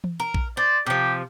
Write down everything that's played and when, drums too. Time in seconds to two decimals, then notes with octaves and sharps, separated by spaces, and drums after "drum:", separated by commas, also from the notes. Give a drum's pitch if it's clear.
0.04 drum: tom E3
0.20 A#4
0.34 drum: kick A#1
0.57 C5 D5
0.87 C3 F3 G4